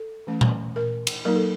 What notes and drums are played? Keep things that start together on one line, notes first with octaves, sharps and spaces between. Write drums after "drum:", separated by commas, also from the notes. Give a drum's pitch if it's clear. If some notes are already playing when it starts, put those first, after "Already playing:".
Already playing: A4
E3 A3 C#4
drum: tom A#2
A#4
drum: cymbal
F#3 A#3 D#4 A#4
A4